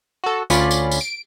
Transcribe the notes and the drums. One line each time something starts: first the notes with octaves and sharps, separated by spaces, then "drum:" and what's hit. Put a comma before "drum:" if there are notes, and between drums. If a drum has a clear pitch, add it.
F#4 A4
D2 C#4 F4 D5 B5, drum: tambourine
drum: tambourine
drum: tambourine
D7